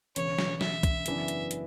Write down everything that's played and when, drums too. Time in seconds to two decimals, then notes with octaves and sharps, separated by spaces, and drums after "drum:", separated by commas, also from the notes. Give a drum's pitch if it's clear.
0.16 E1 E2 C#3 C#5, drum: hi-hat
0.38 drum: snare
0.61 E5, drum: snare
0.83 drum: kick, hi-hat
1.06 F#2 C#3 E3 B3 D4, drum: hi-hat
1.28 drum: hi-hat
1.51 drum: hi-hat